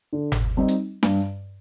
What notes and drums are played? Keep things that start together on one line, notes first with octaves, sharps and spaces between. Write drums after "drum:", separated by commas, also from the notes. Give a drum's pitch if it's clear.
D3
drum: tom G1
G3 C4 D#4
drum: hi-hat
G2, drum: snare